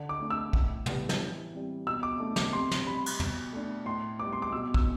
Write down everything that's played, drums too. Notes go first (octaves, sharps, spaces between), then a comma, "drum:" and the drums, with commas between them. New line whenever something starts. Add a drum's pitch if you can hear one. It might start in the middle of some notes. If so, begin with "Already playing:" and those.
Already playing: D3
D6
A3 D4
E6
A2, drum: kick
E3 G3 B3, drum: tom
drum: snare
E3
G3 C4
B2 E6
D6
A3 D4
D6, drum: snare
C3 C6
drum: snare
G3 C4 B5
drum: cymbal
B2, drum: tom
A3 D4
A2 C6
G3 B3 D6
C6
D6
B2 E6
E6, drum: kick